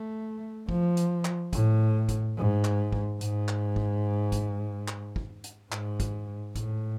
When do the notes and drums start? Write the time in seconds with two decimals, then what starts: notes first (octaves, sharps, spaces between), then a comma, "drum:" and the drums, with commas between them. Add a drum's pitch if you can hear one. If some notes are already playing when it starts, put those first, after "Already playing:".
Already playing: A3
0.69 F3, drum: kick
0.97 drum: hi-hat
1.25 drum: clap
1.53 A2, drum: kick, hi-hat
2.09 drum: kick, hi-hat
2.37 G#2
2.65 drum: clap
2.92 drum: kick
3.21 G#2, drum: hi-hat
3.48 drum: clap
3.76 drum: kick
4.32 drum: kick, hi-hat
4.88 drum: clap
5.16 drum: kick
5.44 drum: hi-hat
5.72 G#2, drum: clap
6.00 drum: kick, hi-hat
6.55 A2, drum: kick, hi-hat